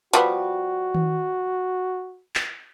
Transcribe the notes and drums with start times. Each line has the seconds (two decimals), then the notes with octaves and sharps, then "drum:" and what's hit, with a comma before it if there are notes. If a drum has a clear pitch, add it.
0.13 F3 G3 B3 F#4, drum: hi-hat
0.95 drum: tom D#3
2.35 drum: clap